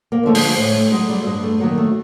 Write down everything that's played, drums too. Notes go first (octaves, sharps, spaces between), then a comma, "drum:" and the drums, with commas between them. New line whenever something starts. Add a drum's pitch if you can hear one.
A#3
D3 F3 A3
G#3, drum: open hi-hat
A2 G#3
A3
F#3 G#3
G3
A3
G2 G#3
A3
D#3 F#3 A#3
A3